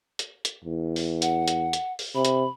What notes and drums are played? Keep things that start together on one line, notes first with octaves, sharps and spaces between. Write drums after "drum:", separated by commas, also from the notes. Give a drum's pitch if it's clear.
drum: hi-hat
drum: hi-hat
E2
drum: open hi-hat
F#5, drum: hi-hat
drum: hi-hat
drum: hi-hat
drum: open hi-hat
C3 B5
drum: hi-hat